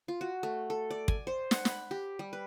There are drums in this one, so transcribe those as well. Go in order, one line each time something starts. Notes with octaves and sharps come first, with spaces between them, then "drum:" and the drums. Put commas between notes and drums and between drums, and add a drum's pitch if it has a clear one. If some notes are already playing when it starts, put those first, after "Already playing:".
F4
F#4
A3
A4
D5
G#5, drum: kick
C5
F#5, drum: snare
B5, drum: snare
G4
G3
B4